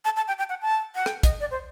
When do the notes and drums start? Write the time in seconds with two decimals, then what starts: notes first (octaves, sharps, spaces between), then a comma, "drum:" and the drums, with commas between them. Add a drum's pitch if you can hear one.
0.05 A5
0.17 A5
0.28 G5
0.38 G5
0.49 F#5
0.62 A5
0.95 F#5
1.06 G5, drum: rim click
1.23 D#5, drum: kick, hi-hat
1.40 D5
1.51 C5